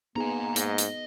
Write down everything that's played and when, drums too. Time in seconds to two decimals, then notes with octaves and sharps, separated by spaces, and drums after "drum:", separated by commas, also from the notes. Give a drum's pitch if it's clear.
0.16 A#3 B3 D#4 G#4 G#5 A#5
0.56 G#2 D#5, drum: hi-hat
0.78 drum: hi-hat